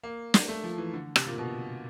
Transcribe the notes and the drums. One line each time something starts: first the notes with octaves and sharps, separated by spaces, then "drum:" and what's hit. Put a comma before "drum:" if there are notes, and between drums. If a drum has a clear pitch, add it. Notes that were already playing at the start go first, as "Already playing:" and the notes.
A#3
drum: snare
A3
F3
E3
D3
C3, drum: rim click
A#2
B2